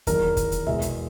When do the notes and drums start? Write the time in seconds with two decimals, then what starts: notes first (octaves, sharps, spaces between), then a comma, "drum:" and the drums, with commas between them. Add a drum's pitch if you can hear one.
0.07 E2 D#3 F#3 A#4, drum: kick, hi-hat
0.37 drum: kick, hi-hat
0.52 drum: hi-hat
0.67 E2 B2 G#3 E5, drum: tom
0.82 drum: hi-hat